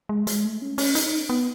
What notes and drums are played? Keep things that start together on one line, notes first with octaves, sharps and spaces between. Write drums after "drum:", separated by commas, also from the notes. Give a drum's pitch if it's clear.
G#3
G#3, drum: hi-hat
A3
C#4
C#4, drum: open hi-hat
D#4, drum: hi-hat
B3